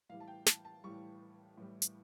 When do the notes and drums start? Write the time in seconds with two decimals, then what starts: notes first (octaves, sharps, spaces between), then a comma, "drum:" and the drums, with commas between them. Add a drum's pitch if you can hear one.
0.09 A2 E3 G3 F5
0.20 A5
0.28 G5
0.46 A5, drum: snare
0.65 A5
0.84 A2 E3 G3 C#6
1.57 A2 E3 G3
1.82 drum: hi-hat